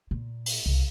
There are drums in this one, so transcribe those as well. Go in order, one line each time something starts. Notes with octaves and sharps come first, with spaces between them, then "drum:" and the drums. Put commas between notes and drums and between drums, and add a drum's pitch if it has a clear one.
A#2
drum: open hi-hat
C2